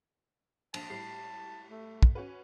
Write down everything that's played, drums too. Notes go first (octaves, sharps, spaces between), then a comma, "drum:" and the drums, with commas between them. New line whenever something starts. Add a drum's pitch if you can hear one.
A#1 A5, drum: cymbal
A2 G3 C7
A3
drum: kick
C#4 F#4 B4